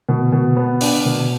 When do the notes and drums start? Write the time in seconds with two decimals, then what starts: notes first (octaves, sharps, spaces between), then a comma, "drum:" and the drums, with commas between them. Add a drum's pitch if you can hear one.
0.09 B2
0.32 B2
0.56 B3
0.81 D4, drum: open hi-hat
1.05 B2